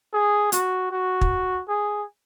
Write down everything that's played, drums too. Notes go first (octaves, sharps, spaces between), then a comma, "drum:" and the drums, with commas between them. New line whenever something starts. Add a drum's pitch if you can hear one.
G#4
F#4, drum: hi-hat
F#4
drum: kick
G#4